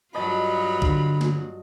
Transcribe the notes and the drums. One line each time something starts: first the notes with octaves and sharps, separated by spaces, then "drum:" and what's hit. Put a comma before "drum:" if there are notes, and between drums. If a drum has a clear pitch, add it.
G2 F#3 F4 D#5 A5 B5
D3, drum: kick B1
drum: snare A#3